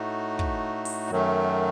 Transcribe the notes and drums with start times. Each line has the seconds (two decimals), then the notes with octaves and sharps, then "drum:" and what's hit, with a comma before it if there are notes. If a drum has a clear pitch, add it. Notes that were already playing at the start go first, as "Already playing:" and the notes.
Already playing: A2 A3 D#4 F#4
0.39 drum: kick
0.85 drum: open hi-hat
1.10 F#2 D#3 F#3 A3